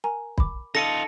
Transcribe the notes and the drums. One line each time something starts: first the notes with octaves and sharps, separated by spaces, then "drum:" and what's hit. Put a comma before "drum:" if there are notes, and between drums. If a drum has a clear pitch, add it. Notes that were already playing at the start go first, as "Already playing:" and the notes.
A#4 G#5 A#5
B5 D6, drum: kick
D#4 F4 A4 A#6 C#7 D#7